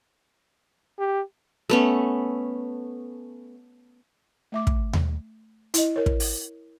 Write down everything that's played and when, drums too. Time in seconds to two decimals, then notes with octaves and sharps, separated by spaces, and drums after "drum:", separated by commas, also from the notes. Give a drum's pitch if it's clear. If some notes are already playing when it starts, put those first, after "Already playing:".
0.99 G4
1.69 A3 B3 C#4
4.52 A3 E5 D6
4.67 drum: kick
4.93 drum: tom D#2
5.74 E4 D#5, drum: hi-hat
5.96 A#4 C#5
6.06 drum: kick
6.20 drum: open hi-hat